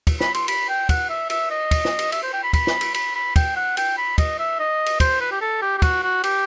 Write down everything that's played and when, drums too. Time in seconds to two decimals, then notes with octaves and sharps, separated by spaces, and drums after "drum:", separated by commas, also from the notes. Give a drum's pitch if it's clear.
0.07 drum: kick, cymbal
0.21 B5, drum: snare
0.34 C6, drum: cymbal
0.48 B5, drum: cymbal
0.69 G5
0.89 F#5, drum: kick, cymbal
1.09 E5
1.30 E5, drum: cymbal
1.51 D#5
1.71 drum: kick, cymbal
1.85 drum: snare
1.99 drum: cymbal
2.12 E5, drum: cymbal
2.23 C5
2.33 G5
2.43 B5
2.53 B5, drum: kick, cymbal
2.67 drum: snare
2.81 drum: cymbal
2.94 B5, drum: cymbal
3.15 B5
3.36 G5, drum: kick, cymbal
3.56 F#5
3.77 G5, drum: cymbal
3.97 B5
4.18 D#5, drum: kick, cymbal
4.39 E5
4.59 D#5
4.86 drum: cymbal
5.00 C5, drum: kick, cymbal
5.20 B4
5.32 G4
5.41 A4
5.62 G4
5.78 G4
5.82 F#4, drum: kick, cymbal
6.03 F#4
6.24 G4, drum: cymbal